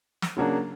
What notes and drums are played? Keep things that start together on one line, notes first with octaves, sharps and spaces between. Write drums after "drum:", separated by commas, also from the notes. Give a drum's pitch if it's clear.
drum: snare
C#3 F#3 A#3 D4